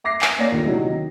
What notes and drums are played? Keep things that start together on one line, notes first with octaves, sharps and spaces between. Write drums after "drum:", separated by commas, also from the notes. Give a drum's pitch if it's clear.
E5 D6 A#6 C7
G#5, drum: clap
A#3 C#5 D5 A#6
D#1 D#2 D3
C3 F#3 D#4 E4
D#3